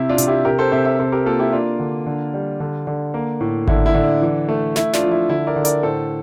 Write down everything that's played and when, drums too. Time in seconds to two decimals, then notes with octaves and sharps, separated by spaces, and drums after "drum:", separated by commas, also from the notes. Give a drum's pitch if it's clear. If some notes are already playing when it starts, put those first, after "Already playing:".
Already playing: C3 E4
0.09 D4 F4
0.18 C3, drum: hi-hat
0.27 E4 G4
0.45 C3 G4 A#4
0.59 A4 C5
0.72 C3 C5 E5
0.85 C5 E5
0.99 C3 A4 C5
1.12 G4 A#4
1.26 A#3 F4 A4
1.39 E4 G4
1.53 A#3 D4 F4
1.80 D3
2.07 D3
2.34 G3
2.60 D3
2.87 D3
3.14 A#3
3.41 A2
3.68 D3 E4, drum: kick G#1
3.86 E4
3.94 D3
4.03 D4
4.22 E3
4.49 A3
4.76 A3 E4, drum: snare
4.93 D4 F4, drum: snare
5.02 F3
5.12 E4
5.29 D3 E4
5.47 A#4 D5
5.56 D3
5.65 A#4 D5, drum: hi-hat
5.83 A2 A4 C5